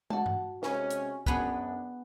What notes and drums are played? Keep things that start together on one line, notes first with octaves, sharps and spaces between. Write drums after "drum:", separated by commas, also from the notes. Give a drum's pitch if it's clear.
F#4 A5, drum: tom
drum: tom G2
C3 G#3 C#4, drum: snare
drum: hi-hat
F#2 B3 D4 G#4 B4, drum: kick